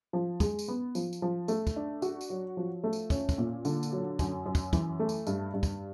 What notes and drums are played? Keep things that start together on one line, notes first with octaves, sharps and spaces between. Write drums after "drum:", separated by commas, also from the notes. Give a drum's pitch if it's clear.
F3
G#3, drum: kick, tambourine
drum: tambourine
B3
F3, drum: tambourine
drum: tambourine
F3
A3, drum: tambourine
drum: kick, tambourine
D4
F#4, drum: tambourine
drum: tambourine
F#3
F3
A3
drum: tambourine
C#4, drum: kick, tambourine
drum: kick, tambourine
A#2
D3, drum: tambourine
drum: tambourine
F#3
F#2, drum: kick, tambourine
F#2
drum: kick, tambourine
E3, drum: kick, tambourine
A3
drum: tambourine
G2, drum: tambourine
G2
drum: kick, tambourine